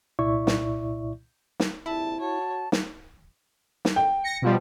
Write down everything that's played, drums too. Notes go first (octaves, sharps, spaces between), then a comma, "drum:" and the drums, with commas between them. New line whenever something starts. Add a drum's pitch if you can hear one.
C2 A#2 E4 D5 E5 C#6
drum: snare
drum: snare
A#1 F2 C3 E4 A5
F#4 C#5 A5
drum: snare
drum: snare
G5
A#6 C#7
B2 F3 G3